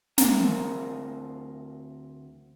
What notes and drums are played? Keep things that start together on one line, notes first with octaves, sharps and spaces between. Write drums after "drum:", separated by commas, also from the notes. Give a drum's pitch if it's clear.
D2 C#3 C4 A#4 C5 A#5, drum: snare